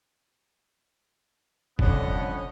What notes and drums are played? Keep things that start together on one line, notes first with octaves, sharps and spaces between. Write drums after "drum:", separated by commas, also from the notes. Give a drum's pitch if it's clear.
D#1 C2 F2 D3 B3 C#4 D#5, drum: kick F#1